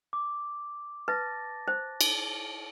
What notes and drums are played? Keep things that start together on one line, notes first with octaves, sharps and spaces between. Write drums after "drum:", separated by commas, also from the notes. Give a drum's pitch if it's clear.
D6
B4 A5 A6 A#6
C5
drum: cymbal